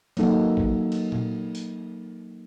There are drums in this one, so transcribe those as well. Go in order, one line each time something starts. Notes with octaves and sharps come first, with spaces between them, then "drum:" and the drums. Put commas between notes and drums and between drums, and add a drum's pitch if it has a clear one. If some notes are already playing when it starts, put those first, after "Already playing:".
F#3 A#3 D#4 A4 F#5, drum: cymbal
drum: kick
drum: cymbal
drum: tom A#2
drum: hi-hat